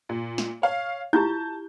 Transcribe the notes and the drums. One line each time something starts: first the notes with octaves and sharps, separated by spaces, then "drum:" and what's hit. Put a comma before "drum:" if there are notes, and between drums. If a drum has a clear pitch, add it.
A#2
drum: snare
C#5 F5
E4 F4 G4 A5 G6, drum: tom